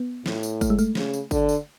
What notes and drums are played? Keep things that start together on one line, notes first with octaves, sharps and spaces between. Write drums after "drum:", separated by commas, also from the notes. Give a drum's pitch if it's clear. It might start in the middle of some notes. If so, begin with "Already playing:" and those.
Already playing: B3
A2, drum: snare
drum: tambourine
A3, drum: kick G1, tambourine
G#3
A3, drum: tambourine
C#3, drum: snare
drum: tambourine
D3, drum: kick G1, tambourine
drum: tambourine